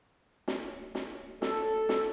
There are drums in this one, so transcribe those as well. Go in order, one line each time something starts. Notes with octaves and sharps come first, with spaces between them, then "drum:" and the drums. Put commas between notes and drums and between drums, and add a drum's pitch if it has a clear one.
drum: snare
drum: snare
A4, drum: snare
drum: snare